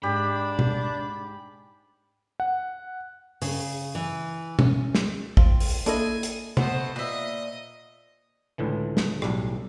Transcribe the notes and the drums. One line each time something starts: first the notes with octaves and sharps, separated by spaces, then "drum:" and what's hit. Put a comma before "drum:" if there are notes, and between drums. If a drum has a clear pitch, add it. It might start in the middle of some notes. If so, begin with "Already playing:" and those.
G#2 D4 G4 B5
drum: tom B2
F#5
C#3, drum: open hi-hat
E3
C#4, drum: tom B2
drum: snare
C4 F4, drum: kick A1
drum: open hi-hat
A#3 D4 E4 A4 D#5 G#5, drum: hi-hat
drum: hi-hat
A3 B3 C5 D#5, drum: tom C3
A#2 B4 D#5 E5
C#2 A2 D3 E3
drum: snare
B1 A2 G3, drum: rim click